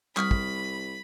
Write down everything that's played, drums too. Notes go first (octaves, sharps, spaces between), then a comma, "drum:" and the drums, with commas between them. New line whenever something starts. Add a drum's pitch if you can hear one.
C2 G3 B5 C#6 D#6 F6, drum: clap
drum: kick